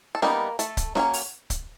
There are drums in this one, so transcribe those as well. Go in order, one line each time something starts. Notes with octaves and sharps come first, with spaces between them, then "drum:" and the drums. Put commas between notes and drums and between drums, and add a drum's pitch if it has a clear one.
A4
G3 A#3 B3 D#4 A#4, drum: snare C#4
A3 A4, drum: hi-hat
drum: kick C#1, hi-hat
F#3 A#3 C#4, drum: snare C#4
drum: open hi-hat
drum: kick C#1, hi-hat